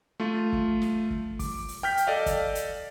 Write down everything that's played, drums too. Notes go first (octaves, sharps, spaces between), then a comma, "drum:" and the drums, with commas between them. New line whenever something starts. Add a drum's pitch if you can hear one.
A3 F4
drum: kick
drum: snare
drum: kick
D6, drum: kick, open hi-hat
drum: open hi-hat
G5 F6 G6 B6
drum: hi-hat
A4 D5 D#5 F5
drum: kick, hi-hat
drum: hi-hat